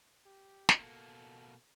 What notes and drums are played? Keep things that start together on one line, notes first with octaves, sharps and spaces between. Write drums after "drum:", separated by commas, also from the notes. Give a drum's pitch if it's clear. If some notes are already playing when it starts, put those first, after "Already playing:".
G4
drum: snare
B2 A#3 A4